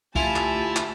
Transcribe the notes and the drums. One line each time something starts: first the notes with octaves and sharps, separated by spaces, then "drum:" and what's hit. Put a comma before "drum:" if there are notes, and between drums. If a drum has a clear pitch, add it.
D2 E4 F4 G4 G#5 A5, drum: kick C2
drum: clap
drum: clap